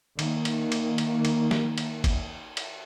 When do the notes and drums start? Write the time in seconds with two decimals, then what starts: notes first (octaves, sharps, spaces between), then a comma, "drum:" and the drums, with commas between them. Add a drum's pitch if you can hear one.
0.19 D#3 A#3, drum: cymbal
0.45 drum: cymbal
0.72 drum: cymbal
0.98 drum: cymbal
1.25 drum: cymbal
1.51 drum: snare
1.78 drum: cymbal
2.04 drum: kick, cymbal
2.57 drum: cymbal